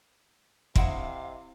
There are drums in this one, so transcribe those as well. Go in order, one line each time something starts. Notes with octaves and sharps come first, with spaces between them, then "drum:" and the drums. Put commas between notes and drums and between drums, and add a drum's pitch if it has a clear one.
C3 C4 E4 D#5 F5 F#5, drum: kick